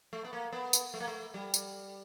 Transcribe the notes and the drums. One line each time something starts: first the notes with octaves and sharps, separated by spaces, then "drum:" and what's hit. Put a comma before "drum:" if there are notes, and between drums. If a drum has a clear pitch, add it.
A3
B3
A#3
B3
drum: tambourine
A3
A#3
A3
G3
drum: tambourine